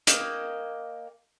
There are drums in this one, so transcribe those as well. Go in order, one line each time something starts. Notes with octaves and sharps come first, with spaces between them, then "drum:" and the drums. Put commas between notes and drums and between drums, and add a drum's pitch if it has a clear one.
A#3 D#5 G5, drum: hi-hat